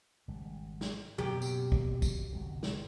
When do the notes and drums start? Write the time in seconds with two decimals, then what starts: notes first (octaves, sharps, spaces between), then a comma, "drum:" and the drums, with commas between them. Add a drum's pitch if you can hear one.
0.28 G#1 C#3 G3
0.81 drum: snare
1.18 F#1 F#2 B2 A#3 G4
1.42 drum: tambourine
1.72 drum: kick
2.02 drum: kick, tambourine
2.32 G1 C2 B2
2.63 drum: snare